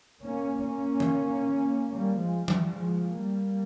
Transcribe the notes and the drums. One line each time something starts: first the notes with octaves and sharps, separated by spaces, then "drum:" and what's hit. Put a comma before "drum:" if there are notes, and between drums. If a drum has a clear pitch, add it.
A#3 C#4
A#3 C#4
drum: tom E3
G3 A#3
F3 G#3
E3 G3, drum: tom F3
F3 G#3
G3 A#3